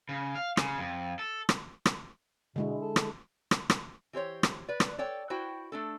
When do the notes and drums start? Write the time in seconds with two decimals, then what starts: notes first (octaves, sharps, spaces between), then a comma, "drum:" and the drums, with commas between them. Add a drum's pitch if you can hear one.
0.09 C#3
0.35 F5
0.57 C#3, drum: rim click
0.78 F2
1.19 A4
1.49 drum: rim click
1.86 drum: rim click
2.56 B2 D3 G#3 E4
2.81 A4
2.96 drum: rim click
3.51 drum: rim click
3.70 drum: rim click
4.13 E3 G4 C5 C#5
4.43 drum: rim click
4.69 B4 D5
4.80 drum: rim click
4.98 A4 C#5 D5 G5
5.30 E4 F#4 C5 G5
5.72 A3 D4 A4